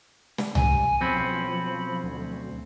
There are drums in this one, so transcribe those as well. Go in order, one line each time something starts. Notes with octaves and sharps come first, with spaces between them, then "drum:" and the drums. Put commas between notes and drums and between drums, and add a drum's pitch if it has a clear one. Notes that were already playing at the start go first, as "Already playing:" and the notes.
drum: snare
G2 G#5, drum: tom
B1 F3 C4 C#4 B5
D2